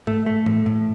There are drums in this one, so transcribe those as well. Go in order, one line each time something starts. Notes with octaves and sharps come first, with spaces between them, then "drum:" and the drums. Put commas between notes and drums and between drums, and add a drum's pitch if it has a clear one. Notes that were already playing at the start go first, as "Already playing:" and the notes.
A3, drum: tom G#2
A3
A2, drum: tom E3
A2